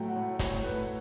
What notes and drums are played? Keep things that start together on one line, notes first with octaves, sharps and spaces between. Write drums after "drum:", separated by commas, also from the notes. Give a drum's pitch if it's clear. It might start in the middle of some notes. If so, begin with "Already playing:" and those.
Already playing: A2 F#3 A3 G5
F#5
A2
A2 C#5, drum: kick, hi-hat
A3 B4